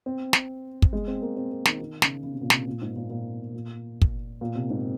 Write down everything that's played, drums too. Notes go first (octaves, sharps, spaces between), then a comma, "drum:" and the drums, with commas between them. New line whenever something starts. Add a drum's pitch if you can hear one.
C4
drum: snare
drum: kick
G#3
C4
A#3
C4
A#3
D#3, drum: snare
D#3
C#3, drum: snare
C#3
C3
A#2
C3, drum: snare
A#2
G#2
A#2
A#2
A#2
drum: kick
A#2
C3
G#2